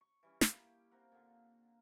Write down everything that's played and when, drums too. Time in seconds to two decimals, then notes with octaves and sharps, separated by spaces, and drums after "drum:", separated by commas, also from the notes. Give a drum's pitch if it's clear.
0.01 C#6
0.23 E3 G3 C#4
0.41 A#3 E4 G4, drum: snare
0.91 C4 F4 A#4 F#5
1.12 A#2 D3